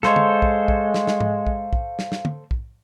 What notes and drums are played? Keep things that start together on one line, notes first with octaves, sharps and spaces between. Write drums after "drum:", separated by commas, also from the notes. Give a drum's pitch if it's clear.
G#3 A4 C5 C#5 F5, drum: snare
drum: tom
drum: kick
drum: kick
drum: snare
drum: snare
drum: tom G#2
drum: kick
drum: kick
drum: snare
drum: snare
drum: tom
drum: kick